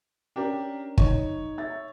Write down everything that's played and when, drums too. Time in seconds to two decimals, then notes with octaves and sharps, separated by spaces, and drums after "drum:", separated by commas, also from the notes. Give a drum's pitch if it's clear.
0.36 C#4 D4 G4 A#4 G5
0.98 D#4 C#5, drum: kick
1.58 E5 A6